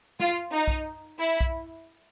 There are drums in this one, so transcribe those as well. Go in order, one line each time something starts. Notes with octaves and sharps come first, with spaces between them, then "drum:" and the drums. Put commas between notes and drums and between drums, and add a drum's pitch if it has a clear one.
F4, drum: snare
D#4
drum: kick B1
E4
drum: kick B1